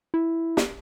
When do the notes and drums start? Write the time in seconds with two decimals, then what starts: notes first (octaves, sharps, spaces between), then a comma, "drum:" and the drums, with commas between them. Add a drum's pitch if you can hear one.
0.14 E4
0.57 drum: snare